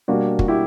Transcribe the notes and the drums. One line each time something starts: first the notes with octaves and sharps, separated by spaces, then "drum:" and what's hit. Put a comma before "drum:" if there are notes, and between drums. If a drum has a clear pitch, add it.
B2 G3 A#3 D4 F#4
F#4, drum: kick
E4 G4